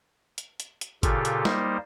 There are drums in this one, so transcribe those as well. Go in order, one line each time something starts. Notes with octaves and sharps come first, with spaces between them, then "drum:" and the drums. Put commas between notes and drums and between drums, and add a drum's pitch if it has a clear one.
drum: hi-hat
drum: hi-hat
drum: hi-hat
A#2 C#3 F4 G4 A4, drum: kick, hi-hat
drum: hi-hat
G3 A#3 D#4 C5, drum: snare